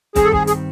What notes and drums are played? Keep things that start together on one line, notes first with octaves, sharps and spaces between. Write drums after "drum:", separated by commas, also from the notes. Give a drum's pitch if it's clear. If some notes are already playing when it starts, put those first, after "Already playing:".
G2 D#3 G3 C4 G#4, drum: kick, hi-hat
A4
G#4, drum: kick
G#4, drum: hi-hat